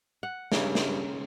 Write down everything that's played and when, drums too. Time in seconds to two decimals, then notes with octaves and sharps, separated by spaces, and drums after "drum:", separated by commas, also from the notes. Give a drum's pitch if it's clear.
0.23 F#5
0.52 G2 C#3, drum: snare
0.75 drum: snare